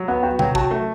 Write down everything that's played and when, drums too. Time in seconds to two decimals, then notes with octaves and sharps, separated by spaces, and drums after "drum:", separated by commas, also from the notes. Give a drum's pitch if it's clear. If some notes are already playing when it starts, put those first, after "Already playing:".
Already playing: F#3
0.08 B3 F#5
0.23 F#4 G5
0.39 F#3 G5, drum: tom C3
0.55 F#4 A5, drum: kick
0.71 A3